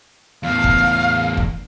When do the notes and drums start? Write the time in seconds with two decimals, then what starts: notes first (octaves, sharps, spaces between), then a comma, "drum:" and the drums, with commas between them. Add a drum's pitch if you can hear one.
0.43 E2 A2 F5
0.64 drum: kick
1.37 drum: kick